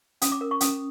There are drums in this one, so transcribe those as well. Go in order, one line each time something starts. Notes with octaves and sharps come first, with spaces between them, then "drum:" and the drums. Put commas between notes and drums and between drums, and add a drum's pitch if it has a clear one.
C#4 D#6, drum: hi-hat
D6
A#4
C#6
C#4 D#6, drum: hi-hat